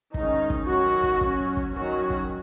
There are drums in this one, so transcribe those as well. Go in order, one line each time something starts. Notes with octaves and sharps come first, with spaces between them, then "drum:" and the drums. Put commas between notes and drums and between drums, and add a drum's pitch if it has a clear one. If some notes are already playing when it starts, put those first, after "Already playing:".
D#3 G#3 C#4 D#4, drum: kick
drum: kick
D#3 F#3 C#4 F#4
drum: kick
F#3 C#4, drum: kick
drum: kick
D#3 F#3 C#4 F#4
drum: kick